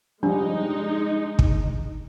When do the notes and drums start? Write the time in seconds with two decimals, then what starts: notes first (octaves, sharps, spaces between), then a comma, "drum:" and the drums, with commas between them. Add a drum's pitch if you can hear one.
0.23 F3 G3 G#3 D4 D#4
1.39 drum: kick